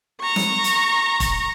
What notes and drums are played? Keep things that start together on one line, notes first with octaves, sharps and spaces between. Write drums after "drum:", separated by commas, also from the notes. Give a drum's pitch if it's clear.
A#5 C#6
drum: snare
drum: hi-hat
drum: kick E1, hi-hat